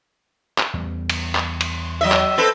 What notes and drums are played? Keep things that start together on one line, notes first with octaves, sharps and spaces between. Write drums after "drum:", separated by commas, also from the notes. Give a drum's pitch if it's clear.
drum: clap
E2 G3
drum: cymbal
drum: clap
drum: cymbal
F#3 D#5 E5
drum: clap
C4 A4 B4